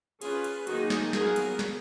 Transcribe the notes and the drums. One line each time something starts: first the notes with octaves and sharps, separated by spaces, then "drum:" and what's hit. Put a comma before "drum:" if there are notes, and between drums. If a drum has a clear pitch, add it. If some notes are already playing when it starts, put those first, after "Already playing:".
C#4 F4 G#4 B4, drum: cymbal
drum: cymbal
D#3 F#3 A#3 D#4 F#4 G#4, drum: cymbal
drum: snare
F#3 B3 F4 G#4 A#4, drum: snare
drum: cymbal
drum: snare